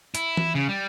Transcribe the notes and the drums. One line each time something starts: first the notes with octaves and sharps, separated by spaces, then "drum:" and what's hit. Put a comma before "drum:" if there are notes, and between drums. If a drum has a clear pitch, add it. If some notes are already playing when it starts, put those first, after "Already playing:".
E4, drum: hi-hat
drum: tom E3
C#3
G3